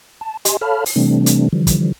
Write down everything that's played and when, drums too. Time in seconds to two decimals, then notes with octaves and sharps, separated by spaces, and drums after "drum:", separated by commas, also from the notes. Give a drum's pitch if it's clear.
0.21 A5
0.45 G4 D#5 G#5 C6, drum: hi-hat
0.61 A4 C#5 F5 A5 B5 F6
0.86 drum: open hi-hat
0.96 C3 E3 G3 A3 C4 D4
1.26 drum: hi-hat
1.53 D3 E3 F3 G3
1.67 drum: kick, hi-hat